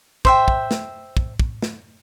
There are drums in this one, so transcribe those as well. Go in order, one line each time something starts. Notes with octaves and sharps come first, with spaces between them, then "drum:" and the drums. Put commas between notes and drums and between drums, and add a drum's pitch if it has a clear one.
C5 E5 G5, drum: kick
drum: kick
drum: snare
drum: kick
drum: kick
drum: snare